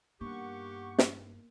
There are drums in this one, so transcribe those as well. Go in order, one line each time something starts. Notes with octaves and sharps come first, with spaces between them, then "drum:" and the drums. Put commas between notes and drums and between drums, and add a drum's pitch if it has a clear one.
G2 A#3 B3 D#4 G4 F#5 C#6
drum: snare